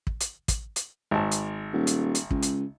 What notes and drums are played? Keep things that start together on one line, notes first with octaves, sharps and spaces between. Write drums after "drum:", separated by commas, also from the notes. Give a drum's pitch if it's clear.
drum: kick
drum: hi-hat
drum: kick, hi-hat
drum: hi-hat
G#1 A5
drum: hi-hat
D#1
drum: hi-hat
drum: hi-hat
C#2, drum: kick
drum: hi-hat